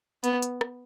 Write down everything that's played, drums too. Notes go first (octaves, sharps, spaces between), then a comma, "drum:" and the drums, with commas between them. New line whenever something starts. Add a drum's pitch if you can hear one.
B3, drum: hi-hat
drum: hi-hat
drum: rim click